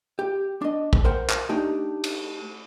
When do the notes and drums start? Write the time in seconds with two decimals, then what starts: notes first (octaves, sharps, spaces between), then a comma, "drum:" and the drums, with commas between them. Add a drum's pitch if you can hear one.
0.19 G4
0.62 D4 D#5
0.93 drum: kick
1.05 A#4 C5 F#5 G5
1.30 drum: clap
1.49 A3 D4 D#4 G4
2.04 drum: cymbal